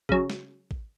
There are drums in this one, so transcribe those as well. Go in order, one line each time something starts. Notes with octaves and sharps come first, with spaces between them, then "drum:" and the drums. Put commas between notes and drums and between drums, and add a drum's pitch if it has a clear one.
C#3 F#3, drum: kick A1
drum: snare
drum: kick A1